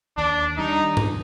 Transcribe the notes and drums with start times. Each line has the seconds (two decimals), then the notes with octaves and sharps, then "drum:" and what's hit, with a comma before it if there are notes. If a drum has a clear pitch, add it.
0.17 D#2 D4
0.57 D#3 G3 D4 D#4
0.97 drum: tom G#2